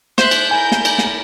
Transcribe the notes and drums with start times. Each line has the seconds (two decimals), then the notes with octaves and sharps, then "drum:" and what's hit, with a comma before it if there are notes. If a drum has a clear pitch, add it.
0.18 C5 E5 F#6 G6, drum: snare
0.31 drum: cymbal
0.51 E4 A#4 G#5
0.72 drum: snare
0.85 drum: cymbal
0.98 drum: snare